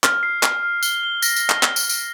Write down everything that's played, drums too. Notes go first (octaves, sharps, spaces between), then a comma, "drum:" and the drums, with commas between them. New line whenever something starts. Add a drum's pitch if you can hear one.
F6, drum: clap
C7
F6, drum: clap
F6
G7, drum: tambourine
G7
A#6, drum: tambourine
drum: tambourine
drum: clap
drum: clap
drum: tambourine
drum: tambourine